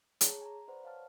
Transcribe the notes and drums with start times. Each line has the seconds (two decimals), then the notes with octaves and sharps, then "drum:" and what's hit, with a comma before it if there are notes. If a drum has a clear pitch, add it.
0.21 G#4 C#5 A5 A#5, drum: hi-hat
0.42 G#5 A#5
0.68 B4 C5 D5 F#5
0.84 C#5 F5 F#5 A5 F6